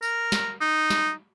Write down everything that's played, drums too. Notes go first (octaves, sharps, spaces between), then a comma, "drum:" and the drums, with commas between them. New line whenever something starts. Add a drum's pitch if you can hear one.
A#4, drum: tambourine
drum: snare
D#4
drum: snare